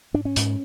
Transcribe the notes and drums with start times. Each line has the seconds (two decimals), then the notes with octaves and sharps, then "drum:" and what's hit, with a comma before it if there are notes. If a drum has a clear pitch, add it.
0.14 G#2 D4
0.25 C#4
0.36 G#2, drum: hi-hat